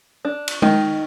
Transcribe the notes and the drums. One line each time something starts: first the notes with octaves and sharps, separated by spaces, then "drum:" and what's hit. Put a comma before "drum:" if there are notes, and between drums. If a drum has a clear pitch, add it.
D4
drum: cymbal
D#3 D#4, drum: tom G#3